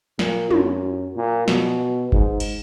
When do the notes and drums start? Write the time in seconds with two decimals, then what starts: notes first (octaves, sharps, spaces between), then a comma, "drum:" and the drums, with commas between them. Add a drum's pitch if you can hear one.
0.19 A#2, drum: snare
0.50 F#2, drum: tom
1.16 A#2
1.48 B2, drum: snare
2.12 G#2, drum: kick G1
2.40 drum: cymbal